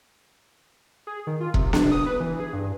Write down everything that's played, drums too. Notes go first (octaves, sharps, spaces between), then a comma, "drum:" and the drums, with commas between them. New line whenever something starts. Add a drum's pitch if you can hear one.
G#4
D#3
F4
C3, drum: kick E1
D4, drum: snare B3
D#6
B4
E3
G#4
G2